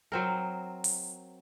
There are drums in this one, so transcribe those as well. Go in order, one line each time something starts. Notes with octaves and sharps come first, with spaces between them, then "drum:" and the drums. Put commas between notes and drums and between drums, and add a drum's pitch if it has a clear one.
F#3 C4 A#4
drum: open hi-hat